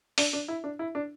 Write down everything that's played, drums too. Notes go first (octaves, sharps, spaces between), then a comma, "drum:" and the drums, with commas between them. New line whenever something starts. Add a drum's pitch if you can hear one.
D4, drum: open hi-hat
D4
E4
D4
E4
D4